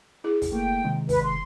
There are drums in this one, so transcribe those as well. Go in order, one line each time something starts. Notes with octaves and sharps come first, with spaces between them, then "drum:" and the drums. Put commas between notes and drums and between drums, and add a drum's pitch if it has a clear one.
E4 G#4
drum: kick, open hi-hat
A3 A#3 G5
C3 D#3 G#3
B4, drum: kick, open hi-hat
C6